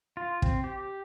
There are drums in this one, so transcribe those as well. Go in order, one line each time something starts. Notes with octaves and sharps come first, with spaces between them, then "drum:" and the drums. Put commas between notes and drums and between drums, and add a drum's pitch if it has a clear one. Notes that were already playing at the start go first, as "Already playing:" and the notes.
F4
C4, drum: kick
G4